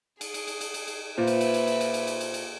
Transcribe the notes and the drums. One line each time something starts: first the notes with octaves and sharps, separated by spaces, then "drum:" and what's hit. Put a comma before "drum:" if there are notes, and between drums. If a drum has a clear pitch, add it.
G#4, drum: cymbal
drum: cymbal
drum: cymbal
drum: cymbal
drum: cymbal
drum: cymbal
A#2 B4 C5 E5
drum: cymbal
drum: cymbal
drum: cymbal
drum: cymbal
drum: cymbal
drum: cymbal
drum: cymbal
drum: cymbal
drum: cymbal